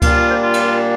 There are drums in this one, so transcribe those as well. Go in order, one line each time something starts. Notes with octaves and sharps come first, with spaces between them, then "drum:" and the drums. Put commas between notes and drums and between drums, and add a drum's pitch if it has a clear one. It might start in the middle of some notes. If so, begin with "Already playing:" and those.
A#2 G3 A#3 D4 F4, drum: kick C#2, cymbal
D5
C5
F4
drum: cymbal